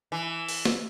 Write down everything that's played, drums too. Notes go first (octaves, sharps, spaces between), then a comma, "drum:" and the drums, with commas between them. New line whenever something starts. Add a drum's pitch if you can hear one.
E3
drum: open hi-hat
drum: snare